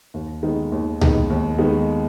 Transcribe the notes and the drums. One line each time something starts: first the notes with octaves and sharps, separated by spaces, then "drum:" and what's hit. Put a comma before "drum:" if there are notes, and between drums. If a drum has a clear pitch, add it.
D#2
D#3 G#3 B3 D#4
D#2
D#3 G#3 B3 D#4, drum: tom C#2
D#2
D#3 G#3 B3 D#4